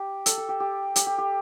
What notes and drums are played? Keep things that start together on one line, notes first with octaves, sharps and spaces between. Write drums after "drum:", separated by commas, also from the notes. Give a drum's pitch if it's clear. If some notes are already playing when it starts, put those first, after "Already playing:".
Already playing: G4
A4, drum: hi-hat
A4
G4
G4
G4, drum: hi-hat
G4
G4